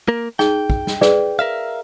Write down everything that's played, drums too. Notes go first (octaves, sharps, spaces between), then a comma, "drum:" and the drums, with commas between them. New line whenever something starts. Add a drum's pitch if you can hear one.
A#3 A#4
D#4 G#4 G5, drum: snare
drum: kick
drum: snare
G#4 B4 D5, drum: snare
A#4 E5 F5